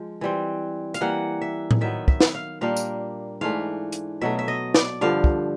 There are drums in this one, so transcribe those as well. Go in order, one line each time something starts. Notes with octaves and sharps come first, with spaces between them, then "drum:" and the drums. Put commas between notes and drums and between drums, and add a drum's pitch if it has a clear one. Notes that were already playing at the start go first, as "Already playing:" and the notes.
Already playing: F3 G#3
E3 G3 C4
F5, drum: hi-hat
E3 G3 A#3 F#5
E5
drum: tom A2
D#3 F#3 B3 E5
E5, drum: kick
drum: snare
F5
A#2 G3 A#3 D4 F5
drum: tambourine
G#2 E3 A3 D4 F5
drum: hi-hat
B2 F#3 A3 E5
E5
D#5
D5, drum: snare
G2 D3 F3 F5
drum: kick